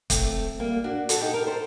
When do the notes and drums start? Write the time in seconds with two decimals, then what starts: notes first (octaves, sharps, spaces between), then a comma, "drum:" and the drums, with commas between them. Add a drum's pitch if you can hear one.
0.10 A3 C4, drum: kick, hi-hat
0.59 G3 A#3
0.84 D4 F#4
1.09 F#4 A4, drum: hi-hat
1.21 D#4 G4
1.33 G4 A#4
1.47 A4 C5